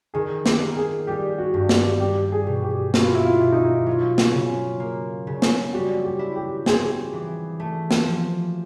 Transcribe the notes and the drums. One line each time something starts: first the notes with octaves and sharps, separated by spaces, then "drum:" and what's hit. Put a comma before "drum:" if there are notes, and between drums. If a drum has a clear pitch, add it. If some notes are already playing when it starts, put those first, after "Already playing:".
D#3 G#4
G4, drum: snare
A#3
G#4
G3 G4
F#4
G2
G4, drum: snare
G3 G4
G#4
B2
G4
B3 F#4, drum: snare
F4
E4
F4
B2 E4
D#4
E4
F#3 F4
drum: snare
C#3
A#3
C#3
drum: snare
G3 F#4
G4
E4
G4
C4 G#4, drum: snare
G#4
E3
A3
drum: snare
F3